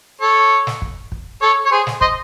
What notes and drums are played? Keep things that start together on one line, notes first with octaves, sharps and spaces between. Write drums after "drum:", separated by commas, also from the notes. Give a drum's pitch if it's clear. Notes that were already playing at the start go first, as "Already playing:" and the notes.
A4 C#5
drum: snare
drum: kick
drum: kick
A4 C#5
C#5
G#4 C5
drum: snare
C5 D#5, drum: kick